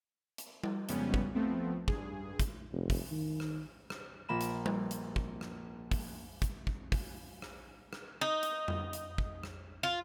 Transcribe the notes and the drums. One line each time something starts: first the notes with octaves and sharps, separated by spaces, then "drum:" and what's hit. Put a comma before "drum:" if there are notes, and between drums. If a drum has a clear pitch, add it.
drum: hi-hat
drum: tom G3
F2 G#2 C#3 G3 B3 C#4, drum: hi-hat
drum: kick
F3 A3 B3 C4
G2 G#4, drum: kick
drum: kick, hi-hat
F1
drum: kick, open hi-hat
D#3
drum: rim click
drum: rim click
A#1 A#3 B5 E7
drum: hi-hat
drum: tom G3
drum: hi-hat
drum: kick
drum: rim click
drum: kick, open hi-hat
drum: kick, hi-hat
drum: kick
drum: kick, open hi-hat
drum: rim click
drum: rim click
D#4
drum: hi-hat
drum: tom F2
drum: hi-hat
drum: kick
drum: rim click
F4